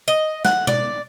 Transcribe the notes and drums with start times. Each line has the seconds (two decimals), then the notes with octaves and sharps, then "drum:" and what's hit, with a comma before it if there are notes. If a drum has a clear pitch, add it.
0.08 D#5
0.45 F#5, drum: snare
0.67 D5, drum: tom B2